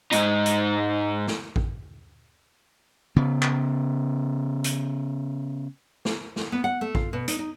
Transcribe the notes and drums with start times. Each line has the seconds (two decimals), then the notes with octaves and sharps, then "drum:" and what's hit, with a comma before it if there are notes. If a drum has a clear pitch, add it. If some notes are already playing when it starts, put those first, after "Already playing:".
0.12 G#2 D#4, drum: hi-hat
0.46 drum: hi-hat
1.28 drum: snare
1.56 drum: kick A1
3.16 C#3 B3
3.42 drum: clap
4.64 drum: hi-hat
6.05 drum: snare
6.36 drum: snare
6.52 B3
6.64 F#5
6.81 A3
6.95 F4, drum: kick A1
7.13 B2
7.28 D#4, drum: hi-hat
7.39 D#4